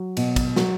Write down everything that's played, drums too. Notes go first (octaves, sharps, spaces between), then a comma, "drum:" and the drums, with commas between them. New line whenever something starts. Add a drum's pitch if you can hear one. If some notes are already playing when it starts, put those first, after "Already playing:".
Already playing: F#3
B2, drum: cymbal
drum: kick, cymbal
F#3, drum: snare